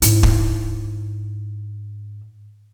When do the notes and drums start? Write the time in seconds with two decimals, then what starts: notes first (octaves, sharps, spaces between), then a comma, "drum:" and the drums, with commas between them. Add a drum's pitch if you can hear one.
0.02 G#2 E4, drum: hi-hat
0.23 drum: kick